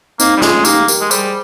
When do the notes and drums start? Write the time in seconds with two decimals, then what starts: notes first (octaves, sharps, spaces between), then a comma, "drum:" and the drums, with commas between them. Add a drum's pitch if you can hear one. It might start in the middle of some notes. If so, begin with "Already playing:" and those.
0.20 A#3 C4 D#4, drum: tambourine
0.37 G3
0.42 G#3 C#4 F4, drum: snare
0.65 A#3 D#4 G4, drum: tambourine
0.88 G4 A#4, drum: tambourine
1.01 G#3
1.11 G3 G#4 C5, drum: tambourine